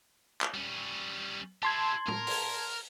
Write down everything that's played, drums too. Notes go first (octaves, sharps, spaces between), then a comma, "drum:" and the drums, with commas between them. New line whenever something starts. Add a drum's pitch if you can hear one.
drum: clap
G3 C#4
E4 G4 A5 C6 G#6
A#4, drum: tom
drum: open hi-hat